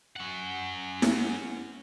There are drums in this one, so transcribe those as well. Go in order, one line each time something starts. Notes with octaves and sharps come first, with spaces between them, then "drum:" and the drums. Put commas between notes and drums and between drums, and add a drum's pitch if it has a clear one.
C#4 F#5
drum: snare E4